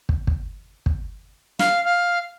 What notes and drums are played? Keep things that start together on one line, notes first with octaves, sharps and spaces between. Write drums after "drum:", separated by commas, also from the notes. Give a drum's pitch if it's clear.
drum: kick
drum: kick
drum: kick
F5, drum: snare
F5